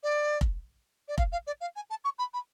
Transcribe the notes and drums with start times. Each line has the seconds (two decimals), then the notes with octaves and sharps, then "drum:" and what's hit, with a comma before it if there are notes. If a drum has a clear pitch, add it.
0.03 D5
0.41 drum: kick F1
1.08 D5
1.18 F5, drum: kick F1
1.32 F5
1.47 D5
1.60 F5
1.76 G#5
1.90 A5
2.04 C#6
2.18 B5
2.33 B5